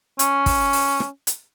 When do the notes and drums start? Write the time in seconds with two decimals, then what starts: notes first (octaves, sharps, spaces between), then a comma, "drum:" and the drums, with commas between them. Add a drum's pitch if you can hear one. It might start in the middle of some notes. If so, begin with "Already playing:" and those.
0.19 C#4, drum: hi-hat
0.46 drum: kick, open hi-hat
0.73 drum: open hi-hat
1.00 drum: rim click
1.27 drum: hi-hat